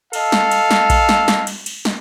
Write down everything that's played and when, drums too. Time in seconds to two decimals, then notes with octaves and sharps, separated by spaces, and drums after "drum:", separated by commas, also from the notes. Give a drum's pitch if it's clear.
0.13 A4 D#5 F5, drum: cymbal
0.32 drum: snare
0.51 drum: cymbal
0.71 drum: snare
0.90 drum: kick A#1, cymbal
1.09 drum: snare
1.28 drum: snare
1.47 drum: cymbal
1.66 drum: cymbal
1.85 drum: snare